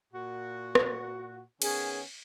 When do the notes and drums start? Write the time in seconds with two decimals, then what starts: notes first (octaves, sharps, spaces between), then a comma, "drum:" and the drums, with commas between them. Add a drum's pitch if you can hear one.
0.13 A#2 F#4
0.75 drum: rim click
1.62 D#3 B3 C#4 G#4, drum: cymbal